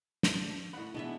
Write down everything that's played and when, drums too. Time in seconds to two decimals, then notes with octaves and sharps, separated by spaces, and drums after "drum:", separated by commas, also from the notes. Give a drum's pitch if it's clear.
0.23 D4, drum: snare
0.73 A2 F#5 B5
0.94 B2 E3 G#3 B3 D4 E5